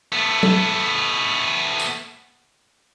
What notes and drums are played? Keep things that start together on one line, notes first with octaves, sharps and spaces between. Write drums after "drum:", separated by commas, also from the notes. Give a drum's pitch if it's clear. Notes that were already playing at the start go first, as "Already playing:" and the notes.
A3 B3
drum: tom F#3
drum: tambourine